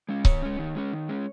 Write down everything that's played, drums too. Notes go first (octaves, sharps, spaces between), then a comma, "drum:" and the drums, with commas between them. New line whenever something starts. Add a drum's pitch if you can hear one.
G#3 C#4
D#3 C#5, drum: kick C#1
G#3 C#4
D#3
G#3 C#4
D#3
G#3 C#4